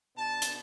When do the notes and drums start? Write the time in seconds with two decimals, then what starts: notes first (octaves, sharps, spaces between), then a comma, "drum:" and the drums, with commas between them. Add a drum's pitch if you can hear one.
0.16 B2 B3 D4 A5
0.42 drum: hi-hat